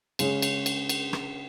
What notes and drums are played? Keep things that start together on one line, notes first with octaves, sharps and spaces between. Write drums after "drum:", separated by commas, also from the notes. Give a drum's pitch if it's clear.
C#3 G#3 C#4, drum: cymbal
drum: cymbal
drum: cymbal
drum: cymbal
drum: rim click